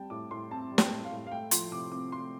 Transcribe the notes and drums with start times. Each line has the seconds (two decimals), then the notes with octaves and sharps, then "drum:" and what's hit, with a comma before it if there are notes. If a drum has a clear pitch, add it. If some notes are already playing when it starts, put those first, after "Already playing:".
Already playing: G3 C4 G5 A5
0.10 A2 D6
0.31 A2 C6
0.51 C4 A5
0.71 G3
0.78 G5, drum: snare
0.91 A2
1.04 F5
1.12 A2
1.27 F5
1.31 A3 G5
1.51 F3 C6, drum: hi-hat
1.72 C3 D6
1.92 C4 D6
2.12 A3 C6